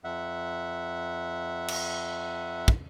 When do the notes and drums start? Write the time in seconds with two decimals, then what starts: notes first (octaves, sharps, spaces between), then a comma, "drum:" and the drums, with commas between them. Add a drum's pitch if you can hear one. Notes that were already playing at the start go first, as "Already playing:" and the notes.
0.04 F2 E5 F#5
1.68 drum: cymbal
2.68 drum: kick